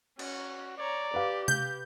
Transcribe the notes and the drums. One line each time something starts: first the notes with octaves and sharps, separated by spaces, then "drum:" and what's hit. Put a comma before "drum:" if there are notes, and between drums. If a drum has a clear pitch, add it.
C#4 F#4, drum: cymbal
C#5 D5 A#5
G4 B4 F5
G6, drum: tom C3